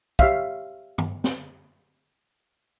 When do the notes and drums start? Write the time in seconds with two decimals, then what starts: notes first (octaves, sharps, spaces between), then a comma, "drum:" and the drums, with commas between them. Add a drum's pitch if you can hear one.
0.19 G4 C#5 E5 F5, drum: kick
0.98 drum: tom G2
1.24 drum: snare